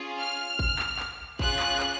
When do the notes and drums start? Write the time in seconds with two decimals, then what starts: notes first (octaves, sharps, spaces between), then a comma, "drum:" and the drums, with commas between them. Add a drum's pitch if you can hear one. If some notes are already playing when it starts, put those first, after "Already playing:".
Already playing: C#4 F4 G#4
0.20 F6
0.59 drum: kick G#1
0.79 drum: clap
0.99 drum: clap
1.39 C#4 F4 G#4 F#6, drum: kick G#1
1.60 drum: clap
1.80 drum: clap